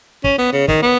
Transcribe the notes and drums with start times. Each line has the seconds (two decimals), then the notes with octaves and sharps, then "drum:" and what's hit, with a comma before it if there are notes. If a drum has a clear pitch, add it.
0.24 C#4, drum: kick
0.39 B3
0.53 C#3
0.68 D#3, drum: kick
0.83 B3